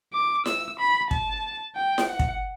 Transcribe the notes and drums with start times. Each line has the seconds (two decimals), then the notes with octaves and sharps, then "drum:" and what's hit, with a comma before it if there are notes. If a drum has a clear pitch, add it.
0.13 D6
0.46 E6, drum: snare E4
0.79 B5
1.11 A5, drum: kick
1.76 G5
1.98 drum: snare E4
2.08 F#5
2.19 drum: kick